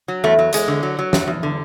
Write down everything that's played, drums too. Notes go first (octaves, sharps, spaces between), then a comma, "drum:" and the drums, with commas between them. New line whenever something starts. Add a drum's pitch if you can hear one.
F#3
E2 A3
F#3
E2 G#3, drum: hi-hat
D3
F#3
F#3
E2, drum: snare
E2
D3